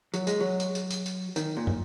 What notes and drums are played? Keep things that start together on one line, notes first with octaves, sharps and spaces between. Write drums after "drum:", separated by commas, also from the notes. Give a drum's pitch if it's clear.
F#3, drum: tambourine
G#3, drum: tambourine
F#3
drum: tambourine
drum: tambourine
drum: tambourine
drum: tambourine
D#3, drum: tambourine
A#2
drum: tom